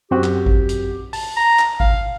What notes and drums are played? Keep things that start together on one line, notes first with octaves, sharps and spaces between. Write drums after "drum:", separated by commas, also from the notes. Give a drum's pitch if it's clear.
F#2 C4 F#4 G4
drum: clap
drum: kick G#1
drum: hi-hat
A5, drum: open hi-hat
A#5
drum: clap
F5, drum: kick G#1